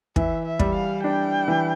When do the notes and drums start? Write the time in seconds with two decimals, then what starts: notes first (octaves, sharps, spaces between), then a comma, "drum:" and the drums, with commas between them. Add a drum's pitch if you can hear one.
0.16 E3 E5, drum: kick
0.45 E5
0.59 G3, drum: kick
0.75 F5
1.03 D4 G5
1.48 E3